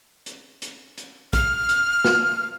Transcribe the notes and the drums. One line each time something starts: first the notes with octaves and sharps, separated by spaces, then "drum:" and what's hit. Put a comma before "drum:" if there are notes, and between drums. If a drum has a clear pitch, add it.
drum: hi-hat
drum: hi-hat
drum: hi-hat
F6, drum: kick, hi-hat
drum: hi-hat
drum: snare